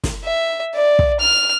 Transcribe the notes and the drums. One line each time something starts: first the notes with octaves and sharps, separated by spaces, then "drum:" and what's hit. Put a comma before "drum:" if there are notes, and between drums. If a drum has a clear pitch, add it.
drum: snare
E5
D5
drum: kick
F6